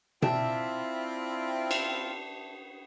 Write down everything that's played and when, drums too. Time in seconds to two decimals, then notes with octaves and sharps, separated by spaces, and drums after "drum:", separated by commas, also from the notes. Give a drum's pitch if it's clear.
0.22 C4 D4 E4 F4 E5, drum: tom B2
1.71 drum: cymbal